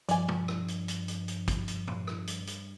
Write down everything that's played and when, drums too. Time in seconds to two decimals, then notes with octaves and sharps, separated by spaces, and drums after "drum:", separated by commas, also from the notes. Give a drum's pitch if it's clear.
0.09 G2 F3 D5 G#5, drum: hi-hat
0.28 drum: tom
0.48 drum: rim click
0.68 drum: hi-hat
0.88 drum: hi-hat
1.08 drum: hi-hat
1.28 drum: hi-hat
1.48 drum: kick, hi-hat
1.68 drum: hi-hat
1.88 drum: tom A2
2.07 drum: rim click
2.27 drum: hi-hat
2.47 drum: hi-hat